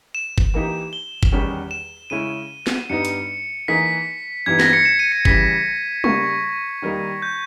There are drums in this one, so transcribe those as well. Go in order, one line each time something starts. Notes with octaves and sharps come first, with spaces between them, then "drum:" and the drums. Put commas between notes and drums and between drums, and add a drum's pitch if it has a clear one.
E7
drum: kick
E3 A#3 D#4 G4
G7
drum: kick
E2 D#3 G3 C#4 G4
E7
C#3 G#3 C#4 E4 D#7
drum: snare
G2 G3 B3 D#4 C#7
drum: hi-hat
E3 A#3 D#4 G#4 B6
G2 E3 G3 B3 D#4 G#6
A#6, drum: snare
C#7
E7
D#7
C#7
C#3 E3 G3 B6, drum: kick
C#3 G3 A#3 C#6, drum: tom
D#3 G3 A#3 D#4
G6